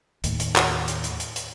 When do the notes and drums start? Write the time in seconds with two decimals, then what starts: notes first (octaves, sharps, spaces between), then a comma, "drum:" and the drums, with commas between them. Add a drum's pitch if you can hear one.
0.24 D#2 A2, drum: hi-hat
0.40 drum: hi-hat
0.56 drum: clap
0.88 drum: hi-hat
1.04 drum: hi-hat
1.20 drum: hi-hat
1.36 drum: hi-hat